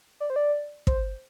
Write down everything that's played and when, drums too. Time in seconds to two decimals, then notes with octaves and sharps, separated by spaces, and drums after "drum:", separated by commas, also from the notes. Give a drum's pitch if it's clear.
0.20 D5
0.30 C5
0.36 D5
0.87 C5, drum: kick